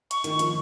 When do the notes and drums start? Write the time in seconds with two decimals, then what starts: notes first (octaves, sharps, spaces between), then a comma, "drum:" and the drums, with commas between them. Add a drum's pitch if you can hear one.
0.11 C#6, drum: hi-hat
0.24 D#3, drum: hi-hat
0.39 F3, drum: hi-hat